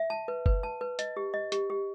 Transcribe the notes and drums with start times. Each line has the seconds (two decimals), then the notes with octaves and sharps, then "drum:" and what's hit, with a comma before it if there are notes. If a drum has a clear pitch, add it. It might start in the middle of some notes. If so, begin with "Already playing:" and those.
Already playing: E5
0.10 A5
0.28 B4
0.46 B4, drum: kick F#1
0.63 A5
0.81 B4
0.99 D#5, drum: hi-hat
1.17 G4
1.34 D#5
1.52 G4, drum: hi-hat
1.70 G4